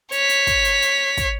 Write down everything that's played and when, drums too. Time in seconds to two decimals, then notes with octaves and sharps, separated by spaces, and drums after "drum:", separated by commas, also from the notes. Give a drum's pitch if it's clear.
0.12 C#5 B6, drum: hi-hat
0.29 drum: hi-hat
0.47 drum: kick, hi-hat
0.65 drum: hi-hat
0.82 drum: hi-hat
1.17 drum: kick, hi-hat